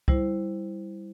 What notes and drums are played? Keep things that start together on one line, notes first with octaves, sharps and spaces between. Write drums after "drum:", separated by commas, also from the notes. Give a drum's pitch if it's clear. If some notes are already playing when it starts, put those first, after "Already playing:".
G3 E4 C5, drum: kick C2